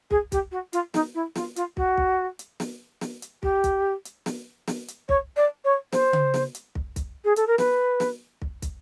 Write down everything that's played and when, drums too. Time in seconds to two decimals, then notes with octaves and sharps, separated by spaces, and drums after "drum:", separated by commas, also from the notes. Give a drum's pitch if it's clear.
0.11 G#4, drum: kick
0.32 G4, drum: kick, hi-hat
0.52 F#4
0.73 F4, drum: hi-hat
0.94 D#4, drum: snare
1.15 E4
1.36 F4, drum: snare
1.56 F4, drum: hi-hat
1.77 F#4, drum: kick
1.97 drum: kick
2.39 drum: hi-hat
2.60 drum: snare
3.01 drum: snare
3.22 drum: hi-hat
3.43 G4, drum: kick
3.64 drum: kick, hi-hat
4.05 drum: hi-hat
4.26 drum: snare
4.68 drum: snare
4.88 drum: hi-hat
5.09 C#5, drum: kick
5.37 D5
5.65 C#5
5.93 C5, drum: snare
6.13 drum: tom C#3
6.34 drum: snare
6.55 drum: hi-hat
6.75 drum: kick
6.96 drum: kick, hi-hat
7.25 G#4
7.36 A4, drum: hi-hat
7.47 A#4
7.58 B4, drum: snare
8.00 drum: snare
8.42 drum: kick
8.62 drum: kick, hi-hat